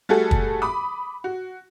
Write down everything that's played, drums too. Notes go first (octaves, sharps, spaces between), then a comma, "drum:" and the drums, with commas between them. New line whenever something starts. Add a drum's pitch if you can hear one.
G3 A3 F#4 G#4 A4
drum: kick
B5 D6 D#6
F#4